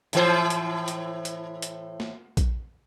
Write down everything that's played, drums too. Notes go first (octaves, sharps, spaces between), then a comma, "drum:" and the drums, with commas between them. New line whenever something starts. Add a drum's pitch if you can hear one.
A2 E3 C5, drum: hi-hat
drum: hi-hat
drum: hi-hat
drum: hi-hat
drum: hi-hat
drum: snare A#3
drum: kick A#1, hi-hat